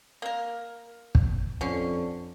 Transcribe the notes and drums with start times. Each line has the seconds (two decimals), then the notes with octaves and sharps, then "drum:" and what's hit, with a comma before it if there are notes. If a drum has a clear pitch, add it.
0.22 A#3 A#4
1.15 drum: kick
1.61 F2 D3 C#4